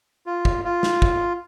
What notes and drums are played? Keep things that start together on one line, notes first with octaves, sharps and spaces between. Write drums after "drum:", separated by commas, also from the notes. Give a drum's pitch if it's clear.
F4
drum: kick
F4
drum: snare
drum: kick